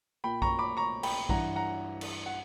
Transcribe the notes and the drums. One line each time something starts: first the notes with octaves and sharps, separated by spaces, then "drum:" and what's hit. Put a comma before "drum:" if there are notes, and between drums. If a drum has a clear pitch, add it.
A#2 G5 B5
A#5 C#6, drum: kick A#1
B5 D6
A#5 C#6
G5 B5, drum: cymbal
G2 E3 F#5 A#5, drum: kick A#1
F#5 A#5
drum: cymbal
F#5